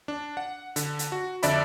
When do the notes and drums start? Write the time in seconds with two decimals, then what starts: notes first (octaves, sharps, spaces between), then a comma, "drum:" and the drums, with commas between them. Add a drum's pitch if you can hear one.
0.08 D4
0.37 F#5
0.76 D3, drum: hi-hat
0.99 drum: hi-hat
1.12 F#4
1.43 F2 D3 D5 E5 B5, drum: hi-hat